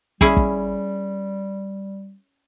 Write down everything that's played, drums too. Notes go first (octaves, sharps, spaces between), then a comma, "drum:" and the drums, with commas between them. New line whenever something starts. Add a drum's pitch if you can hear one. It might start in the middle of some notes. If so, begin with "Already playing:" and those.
G3 C#4 E4 G#4, drum: kick
drum: kick